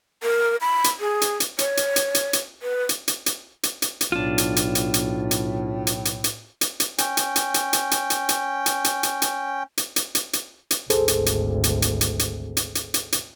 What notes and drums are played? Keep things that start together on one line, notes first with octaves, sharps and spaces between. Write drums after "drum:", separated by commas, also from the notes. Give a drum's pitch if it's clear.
A#4
B5
drum: hi-hat
G#4
drum: hi-hat
drum: hi-hat
C#5, drum: hi-hat
drum: hi-hat
drum: hi-hat
drum: hi-hat
drum: hi-hat
B4
drum: hi-hat
drum: hi-hat
drum: hi-hat
drum: hi-hat
drum: hi-hat
drum: hi-hat
B1 A2 D4 F4
drum: hi-hat
drum: hi-hat
drum: hi-hat
drum: hi-hat
drum: hi-hat
drum: hi-hat
drum: hi-hat
drum: hi-hat
drum: hi-hat
drum: hi-hat
C#4 G5, drum: hi-hat
drum: hi-hat
drum: hi-hat
drum: hi-hat
drum: hi-hat
drum: hi-hat
drum: hi-hat
drum: hi-hat
drum: hi-hat
drum: hi-hat
drum: hi-hat
drum: hi-hat
drum: hi-hat
drum: hi-hat
drum: hi-hat
drum: hi-hat
drum: hi-hat
G#1 D2 G#4 A4 C5, drum: hi-hat
drum: hi-hat
drum: hi-hat
drum: hi-hat
drum: hi-hat
drum: hi-hat
drum: hi-hat
drum: hi-hat
drum: hi-hat
drum: hi-hat
drum: hi-hat